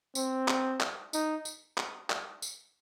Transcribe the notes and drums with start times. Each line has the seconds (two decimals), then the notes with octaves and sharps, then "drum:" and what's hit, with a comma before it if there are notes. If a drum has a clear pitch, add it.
0.15 C4, drum: tambourine
0.48 drum: clap
0.80 drum: clap
1.13 D#4, drum: tambourine
1.45 drum: tambourine
1.78 drum: clap
2.10 drum: clap
2.42 drum: tambourine